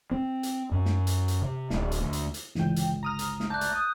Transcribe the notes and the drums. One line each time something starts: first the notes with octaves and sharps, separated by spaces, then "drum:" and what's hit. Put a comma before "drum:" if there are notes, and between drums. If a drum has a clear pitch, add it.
C4
drum: hi-hat
F#2
drum: snare
drum: hi-hat
drum: hi-hat
C3
D1, drum: snare
drum: hi-hat
D2
drum: hi-hat
drum: hi-hat
G1 C#2 E3 G5, drum: snare
drum: hi-hat
A#5 D#6 F6
drum: hi-hat
drum: snare
A3 A#4 D5 A5 F#6 G6
drum: hi-hat
D#6